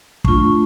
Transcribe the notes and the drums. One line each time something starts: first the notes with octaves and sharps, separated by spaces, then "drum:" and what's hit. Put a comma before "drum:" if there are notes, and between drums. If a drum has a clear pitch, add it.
A3 D4 F4 C#6, drum: kick